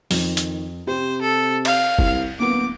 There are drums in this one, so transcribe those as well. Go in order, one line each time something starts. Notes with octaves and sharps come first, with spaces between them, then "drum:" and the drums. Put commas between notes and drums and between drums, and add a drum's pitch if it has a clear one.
F2 D#3, drum: open hi-hat
drum: hi-hat
C3 G4 C5
A4
F5, drum: cymbal
C2, drum: kick
D1 A#3 B3 D6